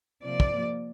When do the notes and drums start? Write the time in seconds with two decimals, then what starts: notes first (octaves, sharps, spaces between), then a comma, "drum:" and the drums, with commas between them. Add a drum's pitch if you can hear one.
0.22 C3 F3 A#3 D5
0.40 drum: kick